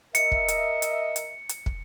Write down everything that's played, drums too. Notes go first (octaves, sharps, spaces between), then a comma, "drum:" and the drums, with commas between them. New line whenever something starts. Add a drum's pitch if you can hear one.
A#4 D#5 E5 C#7, drum: hi-hat
drum: kick
drum: hi-hat
drum: hi-hat
drum: hi-hat
drum: hi-hat
drum: kick